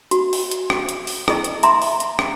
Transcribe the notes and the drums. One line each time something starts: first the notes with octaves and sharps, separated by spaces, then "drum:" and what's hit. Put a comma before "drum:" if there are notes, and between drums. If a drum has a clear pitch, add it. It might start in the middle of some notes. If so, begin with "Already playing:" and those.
F#4, drum: hi-hat
drum: open hi-hat
drum: hi-hat
drum: rim click
drum: hi-hat
drum: open hi-hat
E4 G#4 D#5, drum: rim click
drum: hi-hat
E5 A#5 C6, drum: hi-hat
drum: open hi-hat
drum: hi-hat
drum: rim click